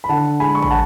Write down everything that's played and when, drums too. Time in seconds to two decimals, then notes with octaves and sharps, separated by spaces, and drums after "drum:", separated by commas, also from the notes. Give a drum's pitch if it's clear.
0.04 B5
0.09 D3 F#5 A5
0.40 G#3 G#5 B5
0.55 C#6
0.62 B5, drum: kick G#1
0.70 F#5 A5